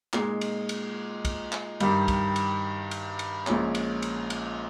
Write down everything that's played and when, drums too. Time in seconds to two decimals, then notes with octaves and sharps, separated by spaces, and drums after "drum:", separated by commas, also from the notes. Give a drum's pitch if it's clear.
0.13 A#2 G#3 D#4, drum: clap
0.41 drum: cymbal
0.69 drum: cymbal
1.25 drum: kick, cymbal
1.52 drum: clap
1.80 G2 D#3 G3, drum: cymbal
2.08 drum: kick, cymbal
2.36 drum: cymbal
2.91 drum: cymbal
3.19 drum: cymbal
3.47 A#1 A#2 G#3 C#4, drum: clap
3.75 drum: cymbal
4.02 drum: cymbal
4.30 drum: cymbal